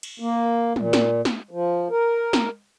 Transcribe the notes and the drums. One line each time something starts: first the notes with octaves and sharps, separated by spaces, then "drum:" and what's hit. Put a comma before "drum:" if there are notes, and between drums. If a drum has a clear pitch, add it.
drum: cymbal
A#3
A#2, drum: tom
drum: snare
drum: snare
F3
A#4
drum: snare